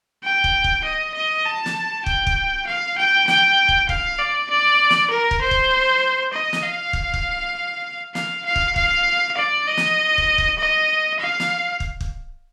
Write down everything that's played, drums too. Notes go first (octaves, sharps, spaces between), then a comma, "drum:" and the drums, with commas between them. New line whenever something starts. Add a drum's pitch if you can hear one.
G5
drum: kick
drum: kick
D#5
D#5
A5
drum: snare
G5, drum: kick
drum: kick
F5
G5
G5, drum: snare
drum: kick
F5, drum: kick
D5
D5
drum: snare
A#4
drum: kick
C5
drum: kick
D#5
drum: snare
F5
drum: kick
drum: kick
F5, drum: snare
F5
drum: kick
F5, drum: kick
D5
D#5
drum: snare
drum: kick
drum: kick
D#5
F5
drum: snare
drum: kick
drum: kick